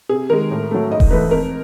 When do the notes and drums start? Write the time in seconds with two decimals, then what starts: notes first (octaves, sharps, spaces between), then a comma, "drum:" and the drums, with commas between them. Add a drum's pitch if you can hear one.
0.09 C3 G#4
0.30 D#3 G#3 A#4
0.51 A2
0.71 F#3 A3
0.90 G#2 D#5
1.00 drum: kick E1
1.11 E3 A3 B4
1.31 F2 A#4